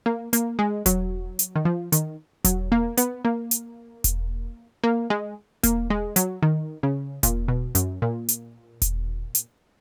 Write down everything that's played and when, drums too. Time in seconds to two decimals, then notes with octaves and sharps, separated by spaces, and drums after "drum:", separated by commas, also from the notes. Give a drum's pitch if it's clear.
0.06 A#3
0.33 A#3, drum: hi-hat
0.59 G#3
0.86 F#3, drum: kick E1, hi-hat
1.39 drum: hi-hat
1.56 D#3
1.65 F3
1.92 D#3, drum: hi-hat
2.45 F#3, drum: kick E1, hi-hat
2.72 A#3
2.97 B3, drum: hi-hat
3.25 A#3
3.51 drum: hi-hat
4.04 drum: kick E1, hi-hat
4.83 A#3
5.10 G#3
5.63 A#3, drum: kick E1, hi-hat
5.90 G#3
6.16 F#3, drum: hi-hat
6.43 D#3
6.83 C#3
7.23 A#2, drum: kick E1, hi-hat
7.48 B2
7.75 F#2, drum: hi-hat
8.02 A#2
8.29 drum: hi-hat
8.82 drum: kick E1, hi-hat
9.35 drum: hi-hat